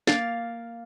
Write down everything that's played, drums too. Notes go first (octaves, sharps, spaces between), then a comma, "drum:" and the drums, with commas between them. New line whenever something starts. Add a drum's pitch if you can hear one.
A#3 F5 A6, drum: snare